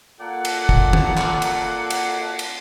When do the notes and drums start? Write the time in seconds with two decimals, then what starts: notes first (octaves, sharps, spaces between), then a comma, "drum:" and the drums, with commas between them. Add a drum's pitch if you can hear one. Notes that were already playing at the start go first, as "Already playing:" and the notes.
0.20 A#3 F4 A4 D5 F#5
0.45 drum: cymbal
0.69 drum: kick
0.93 drum: tom
1.18 drum: clap
1.42 drum: cymbal
1.90 drum: cymbal
2.39 drum: cymbal